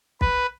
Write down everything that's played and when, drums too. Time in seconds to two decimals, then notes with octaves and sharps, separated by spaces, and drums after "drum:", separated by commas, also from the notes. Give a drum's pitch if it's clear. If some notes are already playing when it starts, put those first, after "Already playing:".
0.21 B4, drum: kick